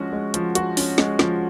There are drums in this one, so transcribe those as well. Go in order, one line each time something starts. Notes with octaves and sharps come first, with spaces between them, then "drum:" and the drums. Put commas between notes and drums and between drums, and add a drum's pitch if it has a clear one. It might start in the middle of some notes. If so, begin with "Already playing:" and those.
Already playing: F3 G#3 C#4 F#4
G#3
F3, drum: hi-hat
F#4, drum: hi-hat
C#4, drum: open hi-hat
G#3, drum: snare
F3, drum: snare